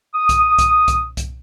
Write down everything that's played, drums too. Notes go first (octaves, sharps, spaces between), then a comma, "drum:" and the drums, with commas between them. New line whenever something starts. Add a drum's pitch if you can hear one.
D#6
drum: kick C2, hi-hat
drum: kick C2, hi-hat
drum: kick C2, hi-hat
drum: kick C2, hi-hat